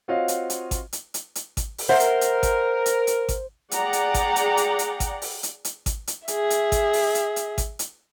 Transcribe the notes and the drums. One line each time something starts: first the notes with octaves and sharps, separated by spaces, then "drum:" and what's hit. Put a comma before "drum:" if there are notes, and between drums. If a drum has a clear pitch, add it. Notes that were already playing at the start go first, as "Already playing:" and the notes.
C4 F4 F#4 C#5 D#5 F5
drum: hi-hat
drum: hi-hat
drum: kick G#1, hi-hat
drum: hi-hat
drum: hi-hat
drum: hi-hat
drum: kick G#1, hi-hat
drum: open hi-hat
A#4 C5 E5 F#5
drum: hi-hat
drum: hi-hat
drum: kick G#1, hi-hat
drum: hi-hat
drum: hi-hat
drum: kick G#1, hi-hat
G#4 D5 F#5 G5 A#5, drum: hi-hat
drum: hi-hat
drum: kick G#1, hi-hat
drum: hi-hat
drum: hi-hat
drum: hi-hat
drum: kick G#1, hi-hat
drum: open hi-hat
drum: hi-hat
drum: hi-hat
drum: kick G#1, hi-hat
drum: hi-hat
G#4 E5, drum: hi-hat
drum: hi-hat
drum: kick G#1, hi-hat
drum: open hi-hat
drum: hi-hat
drum: hi-hat
drum: kick G#1, hi-hat
drum: hi-hat